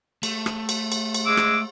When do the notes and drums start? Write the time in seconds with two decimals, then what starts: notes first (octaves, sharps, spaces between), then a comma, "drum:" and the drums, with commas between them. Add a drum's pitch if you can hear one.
0.23 A3, drum: cymbal
0.46 drum: rim click
0.69 drum: cymbal
0.92 drum: cymbal
1.14 drum: cymbal
1.26 G#3 D6 E6
1.37 drum: rim click